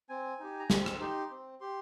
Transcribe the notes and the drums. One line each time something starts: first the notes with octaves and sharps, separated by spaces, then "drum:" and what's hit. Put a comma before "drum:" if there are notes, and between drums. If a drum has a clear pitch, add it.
C4 G#5
D#4 G4
A#5
C4 C6, drum: snare
drum: rim click
D#4 G4 C6
C4
G4 C6